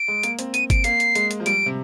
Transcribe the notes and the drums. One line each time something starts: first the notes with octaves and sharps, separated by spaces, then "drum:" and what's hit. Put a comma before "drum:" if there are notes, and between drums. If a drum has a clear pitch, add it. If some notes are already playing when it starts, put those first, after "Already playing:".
Already playing: D7
G#3
A#3, drum: hi-hat
C4, drum: hi-hat
D#7, drum: hi-hat
D7, drum: kick G1, hi-hat
A#3 C7, drum: hi-hat
drum: hi-hat
G#3, drum: hi-hat
drum: hi-hat
F3
G3 D7, drum: hi-hat
C3